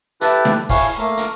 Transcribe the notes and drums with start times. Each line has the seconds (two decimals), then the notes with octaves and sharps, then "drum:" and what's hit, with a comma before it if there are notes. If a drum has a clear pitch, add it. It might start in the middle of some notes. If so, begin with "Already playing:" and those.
0.21 E4 G4 A4 B4, drum: hi-hat
0.45 drum: snare
0.69 E4 C#5 F5 G#5, drum: kick, open hi-hat
0.98 A3 A#3 A#4 F5 F6
1.17 drum: hi-hat